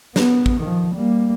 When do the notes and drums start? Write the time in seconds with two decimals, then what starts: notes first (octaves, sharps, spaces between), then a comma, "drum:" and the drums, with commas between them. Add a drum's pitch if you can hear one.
0.16 B3, drum: snare
0.46 drum: kick
0.61 D#3 F3
0.95 G3 A#3